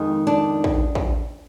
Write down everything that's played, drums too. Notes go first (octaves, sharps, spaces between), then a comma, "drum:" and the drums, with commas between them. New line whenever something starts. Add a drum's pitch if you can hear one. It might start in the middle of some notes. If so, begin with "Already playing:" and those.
Already playing: F2 D#3 G#3 D#4
D4
drum: kick
drum: kick